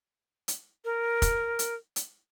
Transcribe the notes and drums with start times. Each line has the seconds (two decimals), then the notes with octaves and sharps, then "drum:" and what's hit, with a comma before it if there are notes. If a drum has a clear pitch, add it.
0.48 drum: hi-hat
0.85 A#4
1.22 drum: kick, hi-hat
1.59 drum: hi-hat
1.96 drum: hi-hat